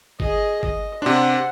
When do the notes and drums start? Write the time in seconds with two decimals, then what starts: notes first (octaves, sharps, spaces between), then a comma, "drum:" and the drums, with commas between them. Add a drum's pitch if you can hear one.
0.20 G#4 D#5, drum: kick G1
0.63 D#5, drum: kick G1
1.02 C3 D4 C5 F#5